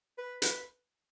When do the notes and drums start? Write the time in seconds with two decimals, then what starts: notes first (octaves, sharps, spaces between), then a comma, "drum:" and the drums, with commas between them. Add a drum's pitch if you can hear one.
0.18 B4
0.42 B4, drum: hi-hat